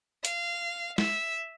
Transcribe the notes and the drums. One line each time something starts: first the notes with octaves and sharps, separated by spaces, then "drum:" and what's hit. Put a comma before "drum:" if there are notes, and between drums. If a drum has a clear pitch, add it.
F5, drum: hi-hat
E5, drum: snare